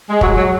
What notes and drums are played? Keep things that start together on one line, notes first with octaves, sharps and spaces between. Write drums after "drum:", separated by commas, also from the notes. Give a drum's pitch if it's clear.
G#3
F#3, drum: kick
F#3